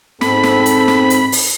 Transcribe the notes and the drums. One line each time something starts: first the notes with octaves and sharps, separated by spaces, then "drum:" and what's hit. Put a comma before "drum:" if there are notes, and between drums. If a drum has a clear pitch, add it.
G#2 C4 A4 B5, drum: snare
drum: snare
drum: hi-hat
drum: snare
drum: hi-hat
drum: open hi-hat